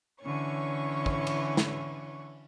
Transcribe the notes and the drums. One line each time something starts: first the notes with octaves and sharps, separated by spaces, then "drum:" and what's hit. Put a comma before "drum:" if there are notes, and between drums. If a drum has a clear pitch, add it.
D3 E3 C#4 C#5 C#6
drum: kick
drum: cymbal
drum: snare